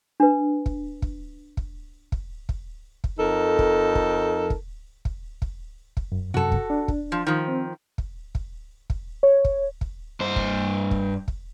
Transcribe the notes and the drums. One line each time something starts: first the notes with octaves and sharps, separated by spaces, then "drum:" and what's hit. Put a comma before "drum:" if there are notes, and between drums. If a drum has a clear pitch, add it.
D4 B4
drum: kick
drum: kick
drum: kick
drum: kick
drum: kick
drum: kick
F2 D#4 A4 A#4
drum: kick
drum: kick
drum: kick
drum: kick
drum: kick
drum: kick
F#2
F#2 C3 F#4 A4
drum: kick
D4
drum: kick
F3
D#3 F3
C4
drum: kick
drum: kick
drum: kick
C#5
drum: kick
drum: kick
G2 C5
drum: kick
drum: kick
drum: kick